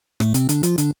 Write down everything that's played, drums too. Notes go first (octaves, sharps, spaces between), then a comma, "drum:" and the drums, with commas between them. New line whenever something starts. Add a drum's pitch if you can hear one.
A2 A3, drum: rim click
C3 C4, drum: hi-hat
D3 D4, drum: hi-hat
F3 F4, drum: hi-hat
D3 D4, drum: hi-hat